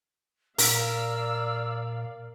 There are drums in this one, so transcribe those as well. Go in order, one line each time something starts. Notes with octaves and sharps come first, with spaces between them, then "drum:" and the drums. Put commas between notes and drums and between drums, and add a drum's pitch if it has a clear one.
A#2 A#4 D5 F5 E6, drum: open hi-hat